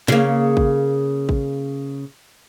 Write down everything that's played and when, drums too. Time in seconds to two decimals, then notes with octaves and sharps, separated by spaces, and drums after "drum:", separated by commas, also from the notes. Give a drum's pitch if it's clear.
0.08 C#3 A#3, drum: snare
0.57 drum: kick
1.29 drum: kick